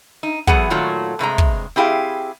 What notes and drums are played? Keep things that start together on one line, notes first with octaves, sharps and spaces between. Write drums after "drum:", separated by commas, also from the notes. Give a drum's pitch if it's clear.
D#4
E2 F#3 B3 G#4 F#5, drum: kick
A#2 D#3 F#3 A3 F4 F#4
G2 C3 G#3 A#5
drum: kick
C4 E4 G4 G#4 F5